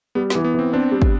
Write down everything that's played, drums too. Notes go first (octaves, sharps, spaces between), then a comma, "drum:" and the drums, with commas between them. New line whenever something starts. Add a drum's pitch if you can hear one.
G3 B3
B3, drum: snare
E3
B3
E3 C4
C4 D4
G3
drum: kick